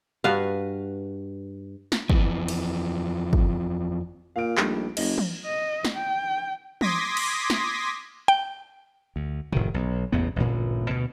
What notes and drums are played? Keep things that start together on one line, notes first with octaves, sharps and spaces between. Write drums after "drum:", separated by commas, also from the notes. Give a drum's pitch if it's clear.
G2 F#4 B4 F5
drum: snare
F2 E3, drum: kick
drum: cymbal
drum: kick
A#2 F5 D7
A#1 G3 A3 D#4, drum: clap
F#1 D#5, drum: cymbal
drum: tom
D#5
drum: snare
G5
C6 D6 D#6 G#6 A#6 B6, drum: tom
drum: cymbal
drum: snare
G5
D2
F1 D#3, drum: tom G#2
B1
A1 E2 C3 B3
A1 D2 G2 A#2
D2 B2